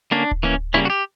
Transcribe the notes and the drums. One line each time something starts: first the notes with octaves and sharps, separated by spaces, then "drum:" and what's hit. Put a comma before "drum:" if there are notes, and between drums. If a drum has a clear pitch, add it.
D3 A#3 C#4 D4
drum: kick D1
E3 A#3 C#4
C#3 G3 A#3 C#4 E4
F#4
G4